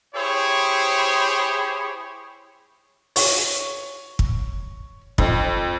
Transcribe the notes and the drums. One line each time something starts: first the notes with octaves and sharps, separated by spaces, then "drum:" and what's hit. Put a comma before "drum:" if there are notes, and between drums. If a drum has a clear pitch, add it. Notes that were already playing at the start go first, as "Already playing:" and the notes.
E4 G4 G#4 C5 C#5
C#5, drum: open hi-hat
drum: kick
F2, drum: kick